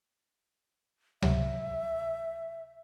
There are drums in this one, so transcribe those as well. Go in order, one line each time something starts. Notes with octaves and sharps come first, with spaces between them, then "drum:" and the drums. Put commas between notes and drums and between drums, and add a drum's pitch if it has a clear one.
C3 F#3 E5, drum: tom C#2